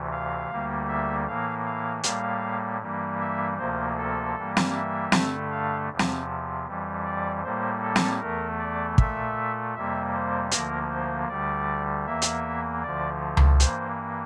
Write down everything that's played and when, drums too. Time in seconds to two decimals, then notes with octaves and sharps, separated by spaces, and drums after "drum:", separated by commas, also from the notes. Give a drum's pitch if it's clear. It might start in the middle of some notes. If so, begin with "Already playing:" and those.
Already playing: D2 C3 E3
0.11 F5
0.50 D2 D3 G3 A#3
0.88 E5
1.27 A2 E3 A#3 F5
1.65 F5
2.04 A2 G3 A#3 F5, drum: hi-hat
2.81 G2 E3 G3 A#3
3.20 E5
3.58 D2 C3 F3 A#3 C5
3.97 A4
4.36 G2 E3 G3 A#3
4.57 drum: snare
4.74 E5
5.12 G2 D3 A3, drum: snare
5.50 F5
5.90 E2 C3 F3
5.99 drum: snare
6.66 F2 E3 G3
7.05 D5
7.43 A2 G3 A#3 C5
7.82 A4
7.96 drum: snare
8.20 E2 E3 A3 A#4
8.59 D5
8.98 A#2 A3 E5, drum: kick
9.75 F2 C3 G3 A#3 E5
10.13 C5
10.51 D2 D3 F3 A#3 A#4, drum: hi-hat
10.90 C5
11.29 D2 D3 G3 D5
12.06 E2 E3 A#3 E5
12.22 drum: hi-hat
12.83 D2 D3 F3 D5
13.37 drum: tom C#2
13.60 G2 E3 A#3 C5, drum: hi-hat